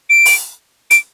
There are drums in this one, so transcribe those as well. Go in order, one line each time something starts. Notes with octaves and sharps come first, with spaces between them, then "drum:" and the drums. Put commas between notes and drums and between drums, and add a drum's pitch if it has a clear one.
D7
drum: open hi-hat
D7, drum: hi-hat